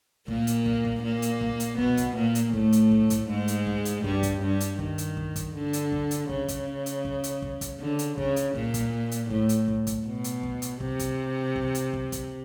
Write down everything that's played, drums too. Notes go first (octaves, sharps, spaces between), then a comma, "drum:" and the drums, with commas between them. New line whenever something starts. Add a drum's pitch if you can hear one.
A#2 A#3, drum: kick
drum: hi-hat
drum: kick
drum: kick
A#2 A#3
drum: hi-hat
drum: kick
drum: hi-hat
B2 B3, drum: kick
drum: kick, hi-hat
A#2 A#3
drum: hi-hat
A2 A3, drum: kick
drum: hi-hat
drum: kick
drum: kick, hi-hat
G#2 G#3
drum: hi-hat
drum: kick
drum: hi-hat
G2 G3, drum: kick
drum: kick, hi-hat
G2 G3
drum: hi-hat
D#3, drum: kick
drum: hi-hat
drum: kick
drum: kick, hi-hat
D3
drum: hi-hat
drum: kick
drum: hi-hat
C#3, drum: kick
drum: kick, hi-hat
drum: hi-hat
drum: kick
drum: hi-hat
drum: kick
drum: kick, hi-hat
D3
drum: hi-hat
C#3, drum: kick
drum: hi-hat
A#2, drum: kick
drum: kick, hi-hat
drum: hi-hat
A2, drum: kick
drum: hi-hat
drum: kick
drum: kick, hi-hat
B2
drum: hi-hat
drum: kick
drum: hi-hat
C3, drum: kick
drum: kick, hi-hat
drum: kick
drum: hi-hat
drum: kick
drum: kick, hi-hat